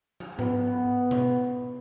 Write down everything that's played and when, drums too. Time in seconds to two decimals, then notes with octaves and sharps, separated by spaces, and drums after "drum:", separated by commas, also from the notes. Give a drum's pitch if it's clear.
0.20 drum: tom
0.39 B3, drum: tom G#2
1.11 drum: tom B2